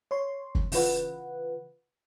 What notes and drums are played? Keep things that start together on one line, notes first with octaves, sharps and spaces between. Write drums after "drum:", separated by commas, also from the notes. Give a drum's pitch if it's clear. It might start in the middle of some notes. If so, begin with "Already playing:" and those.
C#5 C6
drum: kick
C#3 E3 F4 B4 F#5, drum: open hi-hat